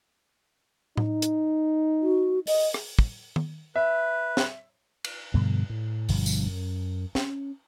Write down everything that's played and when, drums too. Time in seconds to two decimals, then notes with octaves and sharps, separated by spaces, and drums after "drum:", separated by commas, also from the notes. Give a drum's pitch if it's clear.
0.97 D#4, drum: tom A2
1.22 drum: hi-hat
2.02 F#4
2.47 D#5, drum: open hi-hat
2.74 drum: rim click
2.99 drum: kick
3.36 drum: tom
3.76 B4 E5
4.37 drum: snare
5.04 drum: cymbal
5.34 G2 B2 D3 F3
5.70 A2
6.09 G1 G2 B2 F3, drum: open hi-hat
6.26 drum: tambourine
6.46 F#2
7.15 C#4, drum: snare